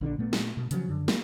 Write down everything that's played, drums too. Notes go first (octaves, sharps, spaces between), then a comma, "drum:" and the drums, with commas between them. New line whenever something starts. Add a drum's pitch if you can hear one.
A#1 D3 E3 D4
A#2 A3 B3
drum: snare
B2
C#3 F3 F#3, drum: hi-hat
F#2 D3
A#3, drum: snare